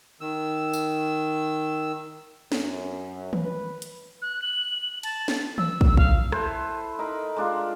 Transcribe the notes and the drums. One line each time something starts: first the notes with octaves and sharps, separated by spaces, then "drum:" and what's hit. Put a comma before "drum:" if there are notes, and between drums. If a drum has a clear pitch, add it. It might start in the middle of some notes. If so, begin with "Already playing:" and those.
D#3 E6
drum: tambourine
F#2, drum: snare
B4, drum: tom D#3
drum: hi-hat
F#6
F#7
A5, drum: cymbal
drum: snare
E6, drum: tom D#3
drum: kick
F5, drum: kick
E4 A4 B4 C5, drum: rim click
D#4 A#4 B5
G#3 D4 F4